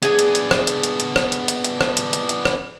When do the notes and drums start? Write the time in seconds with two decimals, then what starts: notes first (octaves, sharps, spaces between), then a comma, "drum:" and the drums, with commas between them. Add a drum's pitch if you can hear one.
0.03 B3 D4 G#4 G#5, drum: hi-hat
0.19 drum: hi-hat
0.35 drum: hi-hat
0.51 drum: rim click
0.67 drum: hi-hat
0.83 drum: hi-hat
1.00 drum: hi-hat
1.16 drum: rim click
1.32 drum: hi-hat
1.48 drum: hi-hat
1.64 drum: hi-hat
1.81 drum: rim click
1.97 drum: hi-hat
2.13 drum: hi-hat
2.29 drum: hi-hat
2.45 drum: rim click